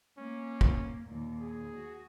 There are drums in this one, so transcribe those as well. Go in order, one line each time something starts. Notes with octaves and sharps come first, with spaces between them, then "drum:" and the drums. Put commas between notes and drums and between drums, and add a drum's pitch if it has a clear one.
A#3 C#4
drum: kick
D#2 A#2
G#4
F#4